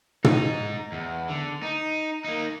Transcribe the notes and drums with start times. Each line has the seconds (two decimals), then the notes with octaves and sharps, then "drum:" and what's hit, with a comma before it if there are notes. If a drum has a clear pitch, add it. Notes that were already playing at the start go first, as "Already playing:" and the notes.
0.24 G#2 D#4, drum: tom
0.92 E2
1.29 D3
1.63 D#4
2.24 A#3 D#4